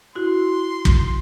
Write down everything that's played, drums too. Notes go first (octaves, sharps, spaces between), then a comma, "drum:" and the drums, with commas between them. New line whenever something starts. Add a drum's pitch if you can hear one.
E4 F#4 C6
drum: kick